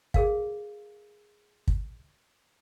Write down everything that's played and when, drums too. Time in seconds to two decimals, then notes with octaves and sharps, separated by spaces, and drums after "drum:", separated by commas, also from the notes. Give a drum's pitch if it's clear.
0.14 G#4 A#4 F5, drum: kick
1.68 drum: kick